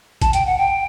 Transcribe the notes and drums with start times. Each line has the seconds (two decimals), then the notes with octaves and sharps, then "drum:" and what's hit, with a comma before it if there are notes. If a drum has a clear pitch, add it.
0.22 A5, drum: kick, hi-hat
0.33 G5, drum: hi-hat
0.46 F#5
0.58 G5